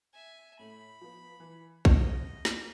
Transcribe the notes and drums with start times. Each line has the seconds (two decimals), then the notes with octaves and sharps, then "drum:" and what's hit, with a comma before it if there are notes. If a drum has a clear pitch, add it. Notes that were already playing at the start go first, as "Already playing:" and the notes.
0.13 E5 G#5
0.59 A2 A3 B5
1.01 F3 B3
1.40 E3
1.85 C2 C3 D#5, drum: kick
2.45 drum: snare